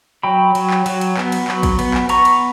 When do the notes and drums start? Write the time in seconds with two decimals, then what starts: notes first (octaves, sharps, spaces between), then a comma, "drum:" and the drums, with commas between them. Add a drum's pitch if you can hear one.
0.23 F#3 G5 B5
0.55 F#3, drum: cymbal
0.70 drum: clap
0.86 F#3, drum: cymbal
1.01 drum: cymbal
1.17 B3, drum: clap
1.32 drum: cymbal
1.48 F#3, drum: clap
1.63 drum: kick, cymbal
1.79 B3, drum: cymbal
1.94 drum: clap
2.09 B3 A#5 C#6, drum: cymbal
2.25 drum: cymbal